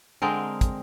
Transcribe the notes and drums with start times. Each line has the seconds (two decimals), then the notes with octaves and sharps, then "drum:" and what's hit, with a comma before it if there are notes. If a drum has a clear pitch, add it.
0.22 D3 G#3 C4 A#4
0.61 drum: kick, hi-hat